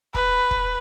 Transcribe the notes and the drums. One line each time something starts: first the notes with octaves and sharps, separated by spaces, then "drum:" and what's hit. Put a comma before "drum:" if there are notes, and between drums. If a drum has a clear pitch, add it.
B4, drum: kick
drum: kick